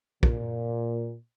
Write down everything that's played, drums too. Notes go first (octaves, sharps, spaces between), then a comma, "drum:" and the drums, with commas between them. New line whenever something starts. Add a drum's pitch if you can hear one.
A#2, drum: kick